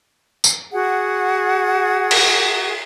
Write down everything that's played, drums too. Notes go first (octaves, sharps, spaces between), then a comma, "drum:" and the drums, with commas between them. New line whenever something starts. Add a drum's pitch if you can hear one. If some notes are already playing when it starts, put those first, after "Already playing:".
drum: tambourine
F#4 G#4 F#5
drum: cymbal